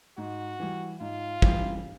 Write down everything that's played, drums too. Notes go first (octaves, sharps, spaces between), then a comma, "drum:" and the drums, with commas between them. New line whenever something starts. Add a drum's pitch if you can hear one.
G#2 F#4
E3 G3
G#2 F4
E3 G3, drum: kick